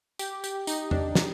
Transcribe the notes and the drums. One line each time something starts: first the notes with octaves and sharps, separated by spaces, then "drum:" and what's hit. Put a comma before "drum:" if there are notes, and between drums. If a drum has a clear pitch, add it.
G4, drum: tambourine
G4, drum: tambourine
D#4, drum: tambourine
D4, drum: tom
drum: snare